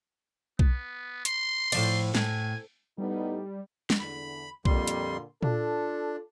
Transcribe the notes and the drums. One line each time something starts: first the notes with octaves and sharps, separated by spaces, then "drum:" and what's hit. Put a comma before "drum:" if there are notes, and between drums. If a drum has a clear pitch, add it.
B3, drum: kick B1
C6, drum: hi-hat
A2 F3 D5, drum: cymbal
A2 G#5, drum: snare
A2 G3 B3 D#4
drum: snare
E2 D3 B5
F2 A#2 D3 G3 A#3 C6, drum: kick B1
drum: hi-hat
D4 F4 A4, drum: tom A#2